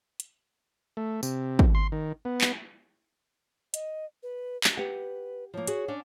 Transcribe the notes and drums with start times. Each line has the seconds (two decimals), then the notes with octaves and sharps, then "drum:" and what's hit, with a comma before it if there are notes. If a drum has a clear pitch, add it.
0.20 drum: hi-hat
0.97 A3
1.23 C3, drum: tambourine
1.59 drum: kick
1.75 C6
1.92 D#3
2.25 B3
2.41 drum: clap
3.74 D#5, drum: hi-hat
4.23 B4
4.64 drum: clap
4.77 G4 B4 F#5
5.54 F3 A#3 C#5
5.67 F#4 G#4, drum: hi-hat
5.88 C#4 D4 F#5